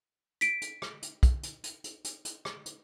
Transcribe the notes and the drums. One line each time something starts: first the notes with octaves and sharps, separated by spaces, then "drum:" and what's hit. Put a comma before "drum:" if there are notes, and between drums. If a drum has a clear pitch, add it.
B6 D7, drum: hi-hat
drum: hi-hat
drum: rim click
drum: hi-hat
drum: kick, hi-hat
drum: hi-hat
drum: hi-hat
drum: hi-hat
drum: hi-hat
drum: hi-hat
drum: rim click
drum: hi-hat